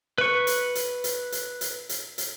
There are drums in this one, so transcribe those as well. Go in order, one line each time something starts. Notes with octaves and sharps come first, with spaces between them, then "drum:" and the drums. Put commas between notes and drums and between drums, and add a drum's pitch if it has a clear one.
B4 C#6
drum: hi-hat
drum: hi-hat
drum: hi-hat
drum: hi-hat
drum: hi-hat
drum: hi-hat
drum: hi-hat